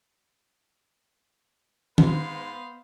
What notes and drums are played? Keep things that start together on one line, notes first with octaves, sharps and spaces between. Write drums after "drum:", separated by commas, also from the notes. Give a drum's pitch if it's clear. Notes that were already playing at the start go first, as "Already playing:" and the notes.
G#2 B3 C5 D#5 F5 B5, drum: tom D#3